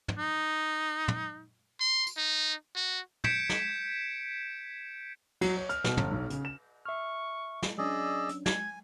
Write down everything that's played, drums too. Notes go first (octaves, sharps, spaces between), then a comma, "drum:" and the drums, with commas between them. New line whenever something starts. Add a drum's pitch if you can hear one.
drum: tom
D#4
drum: tom
C6
drum: tambourine
D#4
F#4
G6 G#6 B6 C#7 D7 E7, drum: tom
drum: snare
F#3, drum: cymbal
C#5
F6, drum: hi-hat
B2, drum: snare
G1, drum: tom
B1
C#3, drum: hi-hat
E7
E5 C#6 F6
drum: snare
F#3 C#4 D4 G#4 D5 D#5 E6
drum: hi-hat
G#5 G#6, drum: snare